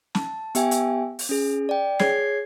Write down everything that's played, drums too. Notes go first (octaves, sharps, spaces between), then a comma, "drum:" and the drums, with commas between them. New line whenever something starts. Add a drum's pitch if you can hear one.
A5, drum: snare
B3 G4 E5 G5 G#5, drum: hi-hat
drum: hi-hat
drum: open hi-hat
C#4 G#4
D5 G5
G#4 C#5 G#6 C7, drum: snare